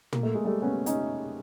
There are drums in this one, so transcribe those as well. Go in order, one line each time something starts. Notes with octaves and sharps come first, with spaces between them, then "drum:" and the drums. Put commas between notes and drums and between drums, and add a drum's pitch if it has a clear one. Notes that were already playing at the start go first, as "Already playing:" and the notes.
A#3, drum: tom
A3
G#3
G3 A3
B3 C#4
C#4 D#4, drum: hi-hat